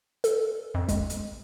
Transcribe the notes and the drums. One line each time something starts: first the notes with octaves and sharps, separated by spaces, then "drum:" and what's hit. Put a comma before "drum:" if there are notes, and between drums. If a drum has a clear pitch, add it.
A4, drum: hi-hat
F2
G#3, drum: kick, hi-hat
drum: hi-hat